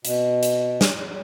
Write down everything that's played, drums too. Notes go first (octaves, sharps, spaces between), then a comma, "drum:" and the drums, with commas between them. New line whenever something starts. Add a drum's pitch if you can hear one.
B2, drum: hi-hat
drum: hi-hat
drum: snare